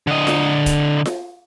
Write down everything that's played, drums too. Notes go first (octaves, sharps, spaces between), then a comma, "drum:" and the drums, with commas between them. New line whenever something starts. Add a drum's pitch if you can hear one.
D3 D#5
drum: snare F4
drum: kick, hi-hat
drum: snare F4